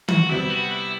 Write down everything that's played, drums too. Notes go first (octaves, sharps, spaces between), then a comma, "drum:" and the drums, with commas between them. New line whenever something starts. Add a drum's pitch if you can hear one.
F#4, drum: tom D#3
C3 G3 B3 E4
F#4
E4